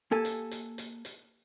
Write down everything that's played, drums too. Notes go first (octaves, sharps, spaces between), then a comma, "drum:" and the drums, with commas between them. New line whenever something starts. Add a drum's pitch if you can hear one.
A#3 G4 A4 G#5
drum: hi-hat
drum: hi-hat
drum: hi-hat
drum: hi-hat